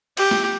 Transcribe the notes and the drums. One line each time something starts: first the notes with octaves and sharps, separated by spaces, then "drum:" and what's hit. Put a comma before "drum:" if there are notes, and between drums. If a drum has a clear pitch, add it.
G4, drum: cymbal
drum: snare